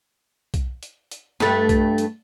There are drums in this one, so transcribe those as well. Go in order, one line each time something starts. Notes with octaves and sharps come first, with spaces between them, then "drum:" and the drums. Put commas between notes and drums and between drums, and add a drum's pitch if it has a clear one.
drum: kick B1, hi-hat
drum: hi-hat
drum: hi-hat
G2 A3, drum: snare
drum: kick B1, hi-hat
drum: hi-hat